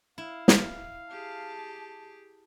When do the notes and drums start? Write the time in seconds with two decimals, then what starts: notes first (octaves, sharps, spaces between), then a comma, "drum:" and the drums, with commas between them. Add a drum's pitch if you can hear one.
0.18 E4 F5
0.48 drum: snare
1.10 G4 G#4 A5